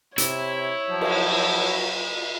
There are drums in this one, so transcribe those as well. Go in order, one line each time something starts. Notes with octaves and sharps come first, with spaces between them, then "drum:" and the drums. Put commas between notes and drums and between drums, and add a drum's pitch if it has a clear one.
C3 E4 C#5, drum: hi-hat
F3 F#3
drum: cymbal